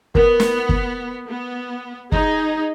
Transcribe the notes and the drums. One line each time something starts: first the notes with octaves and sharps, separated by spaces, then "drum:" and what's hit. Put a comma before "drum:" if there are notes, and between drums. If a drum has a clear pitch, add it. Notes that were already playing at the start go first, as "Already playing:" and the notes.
B3 A#4, drum: kick
drum: snare
drum: kick
B3
D#4 G#4, drum: kick